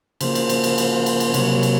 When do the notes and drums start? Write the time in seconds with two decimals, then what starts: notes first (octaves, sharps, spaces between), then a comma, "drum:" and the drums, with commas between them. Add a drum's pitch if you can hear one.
0.21 C#3 F3 A#3 C5, drum: cymbal
0.35 drum: cymbal
0.49 drum: cymbal
0.64 drum: cymbal
0.78 drum: cymbal
1.06 drum: cymbal
1.20 drum: cymbal
1.34 C3 F#3 A#3 C#5, drum: cymbal
1.63 drum: cymbal